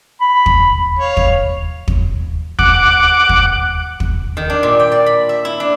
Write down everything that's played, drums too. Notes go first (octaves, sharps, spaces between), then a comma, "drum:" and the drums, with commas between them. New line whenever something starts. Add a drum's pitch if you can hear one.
B5
drum: kick
C#5 F5
drum: kick
drum: kick
F#5 D6, drum: kick
drum: kick
drum: kick
D#3
D4
A#2
G5
D5
B5
E5
E4
D4